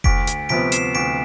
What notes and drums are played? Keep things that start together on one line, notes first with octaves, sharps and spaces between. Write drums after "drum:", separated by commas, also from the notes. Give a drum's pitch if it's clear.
D2 B6 D7, drum: kick F1
drum: hi-hat
C3 F3 B3 B6 D7
C7 E7, drum: hi-hat
D2 B6 D7